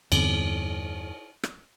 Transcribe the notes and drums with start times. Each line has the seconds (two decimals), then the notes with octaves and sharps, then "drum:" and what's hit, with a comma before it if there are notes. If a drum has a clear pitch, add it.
0.12 E2 G2 D3 C4, drum: cymbal
1.43 drum: rim click